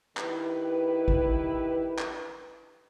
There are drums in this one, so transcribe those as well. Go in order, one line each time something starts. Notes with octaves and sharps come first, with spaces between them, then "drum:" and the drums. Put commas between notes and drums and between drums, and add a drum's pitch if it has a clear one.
D#3 E4 G4 B4, drum: clap
drum: kick
drum: clap